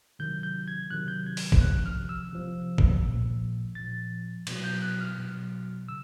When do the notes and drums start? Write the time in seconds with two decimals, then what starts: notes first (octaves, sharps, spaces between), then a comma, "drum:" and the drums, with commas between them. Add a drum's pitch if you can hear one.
0.19 C3 D#3 F#3 G6
0.43 G6
0.68 G#6
0.90 C3 D#3 F#3 F#6
1.08 G6
1.26 G#6
1.37 drum: open hi-hat
1.52 drum: kick
1.61 C3 F3 F#6
1.86 F6
2.09 E6
2.33 C3 F3
2.78 drum: kick
3.05 A#2 F3
3.75 A#2 F3 A6
4.47 B2 F#3, drum: cymbal
4.64 G6
4.82 F#6
5.01 F6
5.18 B2 F#3
5.89 C#3 E6